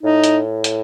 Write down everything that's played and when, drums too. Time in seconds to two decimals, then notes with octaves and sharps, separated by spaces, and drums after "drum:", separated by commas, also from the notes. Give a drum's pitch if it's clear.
0.03 A2 D#4
0.24 drum: hi-hat
0.64 drum: hi-hat